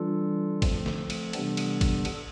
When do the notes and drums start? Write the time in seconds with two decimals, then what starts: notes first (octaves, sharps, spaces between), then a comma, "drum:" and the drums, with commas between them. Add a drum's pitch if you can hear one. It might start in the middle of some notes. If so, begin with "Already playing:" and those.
Already playing: E3 G3 D4 F4 A4
0.62 F3 A3 C4, drum: kick, cymbal
0.86 drum: snare
1.10 drum: cymbal
1.33 C3 E3 G3 B3 D4, drum: cymbal
1.57 drum: cymbal
1.81 drum: kick, cymbal
2.05 drum: cymbal